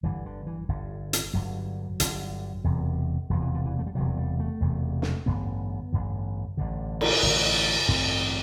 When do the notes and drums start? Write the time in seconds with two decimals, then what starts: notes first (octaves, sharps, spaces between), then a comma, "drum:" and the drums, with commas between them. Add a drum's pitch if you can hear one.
0.03 G1 G2 D3 E3
0.26 D3
0.47 E3
0.69 G1 G2 D3
1.13 drum: hi-hat
1.34 G1 G2 D3 F#3
2.00 G1 G2 D3, drum: hi-hat
2.64 E1 E2 C3
3.30 E1 E2 C3 F#3
3.42 E3
3.54 D3
3.65 E3
3.79 A3
3.86 G3
3.95 E1 E2 C3 F#3
4.17 G3
4.39 A3
4.61 E1 E2 C3
5.02 drum: snare
5.26 A1 G2 D3 B3
5.92 A1 G2 D3
6.57 A1 G2 D3
7.01 drum: cymbal
7.23 A1 G2 D3
7.88 A1 G2 D3 C4